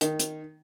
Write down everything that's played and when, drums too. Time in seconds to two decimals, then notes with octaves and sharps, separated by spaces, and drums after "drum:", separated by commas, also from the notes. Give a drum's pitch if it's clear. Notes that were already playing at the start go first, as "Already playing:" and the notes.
0.01 D#3, drum: hi-hat
0.19 drum: hi-hat